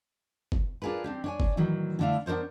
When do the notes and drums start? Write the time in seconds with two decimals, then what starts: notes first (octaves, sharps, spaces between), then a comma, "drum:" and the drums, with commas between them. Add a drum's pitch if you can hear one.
0.52 drum: kick
0.82 D4 F4 G#4 A#4 B4
1.04 C4 D4 G4
1.24 D4 C#5 G#5
1.40 drum: kick
1.57 A2 D#3 E3 F#3
1.99 D3 A3 D4 E4 F5
2.26 B3 D4 A#4 C5 C#5